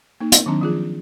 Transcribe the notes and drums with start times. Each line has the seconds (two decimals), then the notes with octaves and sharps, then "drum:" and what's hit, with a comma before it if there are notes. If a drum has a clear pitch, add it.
0.20 A#3 D#4
0.32 drum: hi-hat
0.46 D#3 F#3 C4 D4 A#5
0.61 F3 F4 G#4